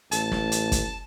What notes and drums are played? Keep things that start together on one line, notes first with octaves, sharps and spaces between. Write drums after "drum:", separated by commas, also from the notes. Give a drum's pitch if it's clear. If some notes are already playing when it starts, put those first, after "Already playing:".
A1 A5, drum: hi-hat
drum: snare
drum: hi-hat
drum: kick, hi-hat